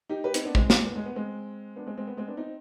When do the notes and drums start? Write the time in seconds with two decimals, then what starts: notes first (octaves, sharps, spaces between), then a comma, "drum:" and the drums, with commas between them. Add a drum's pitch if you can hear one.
0.10 D#4 G4
0.24 G4 B4
0.34 C4 D#4, drum: hi-hat
0.45 B3 D4
0.55 G#3 C4, drum: kick
0.70 G#3, drum: snare
0.86 B3
0.95 G#3
1.06 B3
1.16 G#3 C4
1.76 B3 D4
1.87 G#3 C4
1.98 G#3 C4
2.07 B3
2.17 G#3 C4
2.28 B3 D4
2.37 C4 D#4